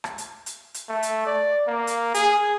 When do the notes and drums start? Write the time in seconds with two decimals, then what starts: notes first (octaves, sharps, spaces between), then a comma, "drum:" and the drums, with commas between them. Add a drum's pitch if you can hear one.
0.04 drum: rim click
0.18 drum: hi-hat
0.46 drum: hi-hat
0.74 drum: hi-hat
0.88 A3
1.03 drum: hi-hat
1.26 D5
1.67 A#3
1.87 drum: hi-hat
2.14 G#4, drum: hi-hat